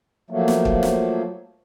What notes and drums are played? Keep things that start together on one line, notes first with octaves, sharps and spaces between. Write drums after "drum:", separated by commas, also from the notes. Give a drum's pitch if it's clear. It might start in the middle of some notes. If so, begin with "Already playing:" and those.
F3 F#3 A3 A#3
drum: snare
drum: kick
drum: snare